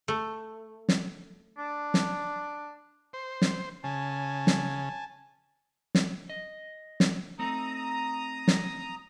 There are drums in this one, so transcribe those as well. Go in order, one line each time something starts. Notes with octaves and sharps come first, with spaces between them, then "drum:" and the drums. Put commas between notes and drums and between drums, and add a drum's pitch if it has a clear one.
A3
drum: snare
D4
drum: snare
C5
drum: snare
C#3 G#5 A5
drum: snare
drum: snare
D#5
drum: snare
A3 C4 D#4 A#5 D#6
drum: snare